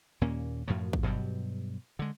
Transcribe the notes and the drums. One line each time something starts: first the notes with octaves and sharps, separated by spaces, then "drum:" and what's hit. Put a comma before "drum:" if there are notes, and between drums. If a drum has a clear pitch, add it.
D#2 A#2 A#3 C#4
F#2 A2 F3 F#3
drum: kick
G2 B2 F#3 G3
D3 G#3